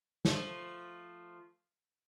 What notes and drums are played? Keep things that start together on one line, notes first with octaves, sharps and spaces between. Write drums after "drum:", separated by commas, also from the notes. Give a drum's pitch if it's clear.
F3 A3, drum: snare